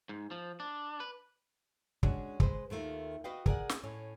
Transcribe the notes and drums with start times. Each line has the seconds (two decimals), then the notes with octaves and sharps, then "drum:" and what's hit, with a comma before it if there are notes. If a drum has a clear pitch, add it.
0.09 G#2
0.31 F3
0.60 D4
1.00 B4
2.03 G#3 C#4 D4 F#4, drum: kick
2.40 G#3 B4 C5, drum: kick
2.70 D#2 D#3 A3 A#3 F4
3.24 F#4 B4 D#5 F5 G5
3.46 G#4 A#4 D5 F#5, drum: kick
3.69 drum: snare
3.84 A2 C#4